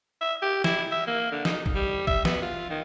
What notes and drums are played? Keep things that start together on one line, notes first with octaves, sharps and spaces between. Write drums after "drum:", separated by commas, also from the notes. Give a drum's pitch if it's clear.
E5
G4
E4, drum: snare
E5
A#3
D3
D#4, drum: snare
drum: kick
G3
E5, drum: kick
B3, drum: snare
F4
D#3